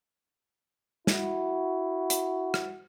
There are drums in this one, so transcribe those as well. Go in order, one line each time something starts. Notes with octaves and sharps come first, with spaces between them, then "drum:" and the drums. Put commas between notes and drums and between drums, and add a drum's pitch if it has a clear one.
E4 F#4, drum: snare
drum: hi-hat
drum: rim click